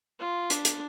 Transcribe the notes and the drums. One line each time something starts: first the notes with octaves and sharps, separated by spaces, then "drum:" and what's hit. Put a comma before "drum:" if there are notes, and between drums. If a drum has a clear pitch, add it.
F4
D4, drum: hi-hat
drum: hi-hat